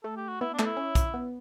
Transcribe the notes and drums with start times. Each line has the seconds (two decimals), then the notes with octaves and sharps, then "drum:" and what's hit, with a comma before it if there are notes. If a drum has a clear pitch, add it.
0.04 A3 A4
0.16 G4
0.28 F#4
0.41 B3 E4
0.53 D4
0.59 A3, drum: clap
0.65 E4
0.77 C#4
0.95 drum: kick B1, hi-hat
1.14 B3